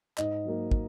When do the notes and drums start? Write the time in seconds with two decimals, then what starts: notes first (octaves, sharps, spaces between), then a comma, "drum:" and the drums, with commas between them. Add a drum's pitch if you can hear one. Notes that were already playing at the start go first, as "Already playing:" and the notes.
0.18 G#2 D#5, drum: clap
0.45 F#3 A#3
0.71 drum: kick